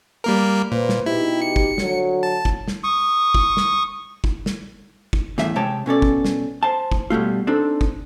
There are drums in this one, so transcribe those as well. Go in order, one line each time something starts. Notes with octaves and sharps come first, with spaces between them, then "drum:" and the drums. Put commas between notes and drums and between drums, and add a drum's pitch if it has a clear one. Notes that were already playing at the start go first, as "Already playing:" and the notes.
G3 A#3 A#4
A#2 B4 C5
drum: snare
B2 D#4 E4 G4
C#7
drum: kick
D3 F#3, drum: snare
A5
drum: kick
drum: snare
C#6 D#6
drum: kick
drum: snare
drum: kick
drum: snare
drum: kick
E2 A2 E5, drum: snare
C3 G#3 C#5 G5 A5
B2 C#4 A4 D5
drum: kick
drum: snare
C5 A5
drum: kick
B2 G3 A3 F4
C4 D4 D#4 A4
drum: kick